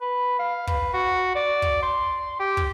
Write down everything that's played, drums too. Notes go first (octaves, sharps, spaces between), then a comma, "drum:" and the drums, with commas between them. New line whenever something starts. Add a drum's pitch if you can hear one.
B4
F5
B4, drum: kick
F#4
D5
drum: kick
C6
G4
drum: kick